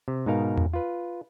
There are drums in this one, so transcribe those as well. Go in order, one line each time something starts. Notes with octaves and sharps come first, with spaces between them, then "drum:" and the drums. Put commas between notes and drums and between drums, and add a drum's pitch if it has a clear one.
C3
G#2 B2 D#4 A#4 F5
drum: tom E2
F4 B4